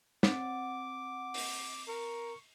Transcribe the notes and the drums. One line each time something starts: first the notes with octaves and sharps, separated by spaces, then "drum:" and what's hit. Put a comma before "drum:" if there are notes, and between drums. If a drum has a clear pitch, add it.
C4 F#5 D6 A6, drum: snare
drum: open hi-hat
A#4 C#6